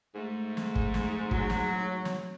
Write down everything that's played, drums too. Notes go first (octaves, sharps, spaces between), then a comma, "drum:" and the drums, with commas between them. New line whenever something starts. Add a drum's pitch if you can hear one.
G#2 A3
drum: snare
drum: kick
drum: snare
F#3, drum: kick
drum: snare
drum: snare